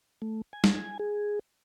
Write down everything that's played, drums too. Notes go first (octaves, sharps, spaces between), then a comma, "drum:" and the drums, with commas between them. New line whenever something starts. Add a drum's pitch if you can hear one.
A3
G#5
drum: snare
G#4